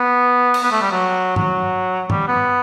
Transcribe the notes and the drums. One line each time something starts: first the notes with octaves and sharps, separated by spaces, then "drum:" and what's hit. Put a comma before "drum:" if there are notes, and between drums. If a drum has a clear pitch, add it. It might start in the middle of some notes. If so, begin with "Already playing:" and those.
Already playing: B3
drum: cymbal
B3
A3
G3
F#3
F#3, drum: tom G2
G3, drum: tom G2
B3